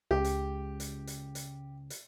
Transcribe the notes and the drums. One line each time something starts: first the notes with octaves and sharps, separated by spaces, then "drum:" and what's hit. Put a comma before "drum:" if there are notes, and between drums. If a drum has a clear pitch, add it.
C#2 G4
drum: hi-hat
drum: hi-hat
drum: hi-hat
drum: hi-hat
drum: hi-hat